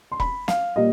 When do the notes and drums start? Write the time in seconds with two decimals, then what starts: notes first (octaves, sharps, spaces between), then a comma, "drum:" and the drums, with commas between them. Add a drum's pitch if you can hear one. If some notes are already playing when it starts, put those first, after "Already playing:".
0.12 C6
0.20 B5, drum: kick E1
0.48 F5, drum: snare
0.76 A#2 G3 A#3 D#5